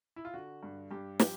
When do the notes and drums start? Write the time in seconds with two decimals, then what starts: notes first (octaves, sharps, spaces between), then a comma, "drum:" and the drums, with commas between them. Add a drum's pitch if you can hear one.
0.16 E4
0.25 F4
0.33 D3 F#4
0.63 G2
0.91 G2 G4
1.20 F3 G4, drum: snare